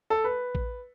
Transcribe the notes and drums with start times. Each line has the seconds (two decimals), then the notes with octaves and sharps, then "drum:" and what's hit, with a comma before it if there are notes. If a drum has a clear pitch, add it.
0.10 A4
0.24 B4
0.55 drum: kick A1